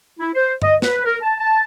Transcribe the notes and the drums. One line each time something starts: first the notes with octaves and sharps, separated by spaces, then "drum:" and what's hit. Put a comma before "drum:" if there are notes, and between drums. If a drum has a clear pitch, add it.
E4
C5
D#5, drum: tom G2
B4, drum: snare
A#4
A5
A5